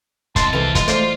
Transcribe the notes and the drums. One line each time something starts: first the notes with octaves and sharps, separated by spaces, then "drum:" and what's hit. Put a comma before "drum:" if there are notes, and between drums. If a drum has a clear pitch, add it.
C2 G#3 A5 C6, drum: kick, hi-hat
C2 E3 C4 A4 F5
G#3 F4, drum: kick, hi-hat
A3 C5 D5, drum: hi-hat